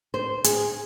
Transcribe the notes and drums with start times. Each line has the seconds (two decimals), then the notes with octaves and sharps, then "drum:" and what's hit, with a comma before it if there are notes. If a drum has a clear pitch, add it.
0.14 C5
0.44 G#4, drum: hi-hat